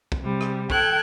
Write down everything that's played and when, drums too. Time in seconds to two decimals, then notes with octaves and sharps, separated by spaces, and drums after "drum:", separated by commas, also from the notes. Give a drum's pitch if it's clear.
0.12 drum: kick
0.21 C3 G3
0.41 drum: rim click
0.70 A4 G5 F#6 G#6, drum: kick